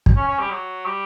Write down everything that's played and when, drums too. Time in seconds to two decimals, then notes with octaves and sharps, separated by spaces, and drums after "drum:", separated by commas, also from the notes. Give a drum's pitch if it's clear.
0.06 drum: kick
0.16 C#4
0.27 C#4
0.39 G3
0.50 F#3
0.85 G3